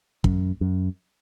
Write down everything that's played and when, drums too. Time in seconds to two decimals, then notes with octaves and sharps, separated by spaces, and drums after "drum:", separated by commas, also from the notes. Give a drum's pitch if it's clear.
0.24 F#2, drum: kick
0.61 F#2